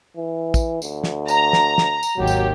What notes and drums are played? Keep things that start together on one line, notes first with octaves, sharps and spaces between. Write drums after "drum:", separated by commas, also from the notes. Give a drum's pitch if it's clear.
E3
drum: kick, tambourine
D2, drum: tambourine
drum: snare
A#5, drum: tambourine
drum: snare
drum: snare
drum: tambourine
G#1 D#2 F#3 G4
drum: tambourine